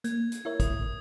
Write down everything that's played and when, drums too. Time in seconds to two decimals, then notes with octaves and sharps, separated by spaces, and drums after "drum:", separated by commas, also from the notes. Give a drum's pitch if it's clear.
0.04 A#3 G#6, drum: hi-hat
0.32 drum: hi-hat
0.45 E4 A#4 C#5 E5
0.60 D#6, drum: kick, hi-hat